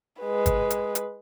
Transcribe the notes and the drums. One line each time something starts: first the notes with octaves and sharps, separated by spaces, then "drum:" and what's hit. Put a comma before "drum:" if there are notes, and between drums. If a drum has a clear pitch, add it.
G#3 B4
drum: kick G1, hi-hat
drum: hi-hat
drum: hi-hat